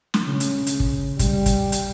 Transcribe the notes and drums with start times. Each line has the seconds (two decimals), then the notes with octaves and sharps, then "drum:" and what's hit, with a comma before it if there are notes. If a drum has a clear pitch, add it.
0.14 drum: snare
0.24 C#3
0.40 drum: hi-hat
0.67 drum: hi-hat
0.80 drum: kick
1.19 G3, drum: kick, hi-hat
1.46 drum: kick, hi-hat
1.72 drum: hi-hat